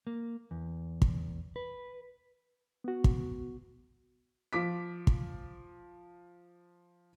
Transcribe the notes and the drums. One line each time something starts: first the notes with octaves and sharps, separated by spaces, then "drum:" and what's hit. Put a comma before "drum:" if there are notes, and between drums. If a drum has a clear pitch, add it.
A#3
E2
drum: kick
B4
B3 F#4
drum: kick
F3 D6 B6
drum: kick